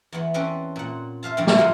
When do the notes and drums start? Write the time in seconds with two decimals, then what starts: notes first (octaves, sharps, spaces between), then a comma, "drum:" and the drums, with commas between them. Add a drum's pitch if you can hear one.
0.12 E2 B3
0.34 C4 C#4 A4 B4 D5
0.76 A#2 F#5
1.23 C5 E5 F5 A5
1.37 F2 A2 D3 G3 A3
1.47 drum: snare
1.58 A#3 D#4 F4 F5 F#5